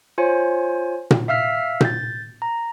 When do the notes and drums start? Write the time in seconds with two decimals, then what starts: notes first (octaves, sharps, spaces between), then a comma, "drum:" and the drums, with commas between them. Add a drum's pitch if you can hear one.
0.18 F4 C5 C#5 G#5
1.11 drum: tom A#2
1.28 E5 F5 E6 F6 B6
1.81 G6 A6, drum: tom A#2
2.42 A#5